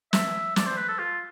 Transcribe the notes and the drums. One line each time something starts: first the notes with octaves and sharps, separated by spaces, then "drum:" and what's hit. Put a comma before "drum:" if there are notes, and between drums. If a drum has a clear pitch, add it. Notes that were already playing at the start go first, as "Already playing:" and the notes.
E5, drum: snare
D5, drum: snare
C5
B4
A4
F4